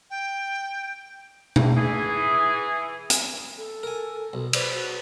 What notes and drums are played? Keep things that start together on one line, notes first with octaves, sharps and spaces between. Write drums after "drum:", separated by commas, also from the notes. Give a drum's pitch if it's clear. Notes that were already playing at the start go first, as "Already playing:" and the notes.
G5
drum: tom B2
E3 G#4
drum: hi-hat
A4
A#4 G#5
B1
B4 C5 D5, drum: cymbal
F#4